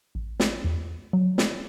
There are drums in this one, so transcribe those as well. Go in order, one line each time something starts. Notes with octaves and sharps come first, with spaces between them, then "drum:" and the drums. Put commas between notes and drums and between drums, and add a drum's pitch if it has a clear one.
A1
drum: snare
E2
F#3
drum: snare